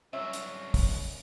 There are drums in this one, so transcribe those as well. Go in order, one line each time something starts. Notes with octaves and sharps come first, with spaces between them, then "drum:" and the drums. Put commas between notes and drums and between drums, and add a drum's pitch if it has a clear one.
C2 F#3 C#4 E5
drum: hi-hat
drum: kick, open hi-hat